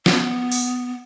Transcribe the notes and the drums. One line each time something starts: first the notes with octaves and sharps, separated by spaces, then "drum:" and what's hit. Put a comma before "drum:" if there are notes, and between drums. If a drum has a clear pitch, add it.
B3, drum: snare
drum: open hi-hat